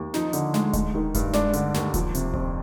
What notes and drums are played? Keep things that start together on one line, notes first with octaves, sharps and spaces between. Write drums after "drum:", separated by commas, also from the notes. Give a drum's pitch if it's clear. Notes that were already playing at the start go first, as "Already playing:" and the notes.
Already playing: D#2
F3 D#4, drum: snare
D3, drum: hi-hat
G#3, drum: snare
G#3, drum: kick D#1, hi-hat
D#3
G2, drum: kick D#1, hi-hat
G#3 D4, drum: snare
D3, drum: hi-hat
D#2, drum: snare
F3, drum: kick D#1, hi-hat
C3, drum: hi-hat
F2, drum: kick D#1